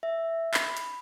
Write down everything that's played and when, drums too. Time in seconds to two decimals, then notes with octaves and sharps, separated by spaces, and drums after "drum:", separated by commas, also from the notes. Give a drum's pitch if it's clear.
0.03 E5
0.54 B5, drum: clap
0.77 drum: hi-hat